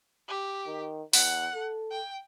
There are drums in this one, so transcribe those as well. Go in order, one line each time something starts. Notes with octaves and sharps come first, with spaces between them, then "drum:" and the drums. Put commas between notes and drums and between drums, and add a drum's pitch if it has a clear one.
G4
D#3
E2 F#5, drum: open hi-hat
A4
G5